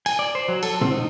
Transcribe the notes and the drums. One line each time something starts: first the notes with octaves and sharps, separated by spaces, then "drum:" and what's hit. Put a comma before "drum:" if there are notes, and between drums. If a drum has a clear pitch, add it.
G#5, drum: cymbal
D5
C5
F#3
A4, drum: cymbal
C4, drum: tom A2
D#4